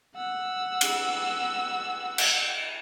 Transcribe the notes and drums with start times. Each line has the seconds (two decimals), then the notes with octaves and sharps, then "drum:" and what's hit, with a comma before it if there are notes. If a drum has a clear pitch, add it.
0.16 F#5 E6
0.81 drum: cymbal
2.18 drum: cymbal